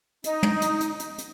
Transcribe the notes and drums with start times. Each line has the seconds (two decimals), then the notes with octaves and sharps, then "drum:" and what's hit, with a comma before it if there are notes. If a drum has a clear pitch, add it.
0.24 D#4, drum: hi-hat
0.43 drum: tom
0.62 drum: hi-hat
0.80 drum: hi-hat
0.99 drum: hi-hat
1.18 drum: hi-hat